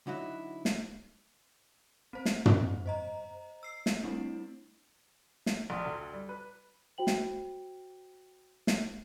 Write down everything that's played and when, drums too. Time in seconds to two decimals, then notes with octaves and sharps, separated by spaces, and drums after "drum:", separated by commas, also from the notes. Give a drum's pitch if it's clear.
0.07 D3 F#3 D#4 E4 F#4
0.65 drum: snare
2.13 C4 C5
2.25 drum: snare
2.46 drum: tom
2.86 C5 D#5 A#5
3.63 E6 C7
3.86 drum: snare
4.03 G3 A3 C4 D4 E4
5.46 drum: snare
5.70 A#1
5.85 D2
6.13 G3
6.29 B4
6.98 F#4 C5 G5 F#7
7.07 drum: snare
8.67 drum: snare